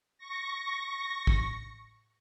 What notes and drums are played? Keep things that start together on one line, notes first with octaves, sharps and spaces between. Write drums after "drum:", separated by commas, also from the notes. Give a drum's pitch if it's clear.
C#6 A#6
drum: kick